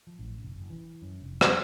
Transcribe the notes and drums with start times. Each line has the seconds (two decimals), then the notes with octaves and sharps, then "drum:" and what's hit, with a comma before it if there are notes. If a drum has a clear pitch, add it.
0.07 F3
0.19 A1
0.43 F1
0.56 F#1
0.70 E3
1.02 F#2
1.22 F1
1.41 F#3, drum: rim click